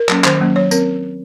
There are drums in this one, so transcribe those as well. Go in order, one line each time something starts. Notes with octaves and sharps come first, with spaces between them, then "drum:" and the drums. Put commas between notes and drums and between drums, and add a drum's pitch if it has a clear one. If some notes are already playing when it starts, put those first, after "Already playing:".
Already playing: A#4
F#3 A#3 C#4, drum: clap
D#3 C5, drum: clap
F#3 A#3 C#4
F#3 C#5
C4 A#4, drum: tambourine